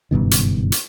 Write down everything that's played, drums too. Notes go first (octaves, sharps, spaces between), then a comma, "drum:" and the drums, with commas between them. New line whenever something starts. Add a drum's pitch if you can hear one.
F#1 G2 B2 D#3
drum: hi-hat
drum: hi-hat